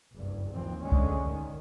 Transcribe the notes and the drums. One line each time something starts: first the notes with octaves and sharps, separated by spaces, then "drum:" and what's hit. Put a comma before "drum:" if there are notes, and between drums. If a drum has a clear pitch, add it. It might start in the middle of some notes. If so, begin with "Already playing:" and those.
F#1 C2 G2
G#1 D#2 E3 F3 C4
D3 G#3 A3 C#4
drum: kick C2
D#3